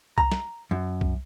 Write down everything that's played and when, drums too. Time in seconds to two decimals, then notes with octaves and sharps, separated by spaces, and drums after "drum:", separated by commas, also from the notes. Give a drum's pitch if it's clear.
0.18 A#5, drum: kick C2
0.32 drum: snare
0.71 F#2
1.01 drum: kick C2